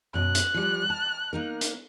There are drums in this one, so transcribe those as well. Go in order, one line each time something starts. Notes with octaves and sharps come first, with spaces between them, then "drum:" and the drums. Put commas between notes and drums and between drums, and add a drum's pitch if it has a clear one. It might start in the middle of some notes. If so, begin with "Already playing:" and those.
F#2 B2 F#6
drum: hi-hat
F3 G3
A5
A#3 D#4 A#4
drum: hi-hat